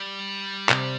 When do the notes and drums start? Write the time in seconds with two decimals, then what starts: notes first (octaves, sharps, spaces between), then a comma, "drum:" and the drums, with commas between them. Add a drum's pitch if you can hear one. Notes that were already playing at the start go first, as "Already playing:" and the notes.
Already playing: G3
0.69 C3, drum: clap